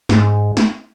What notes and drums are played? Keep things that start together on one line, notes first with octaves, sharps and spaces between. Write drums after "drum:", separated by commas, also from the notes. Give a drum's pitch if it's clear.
G#2, drum: snare
drum: snare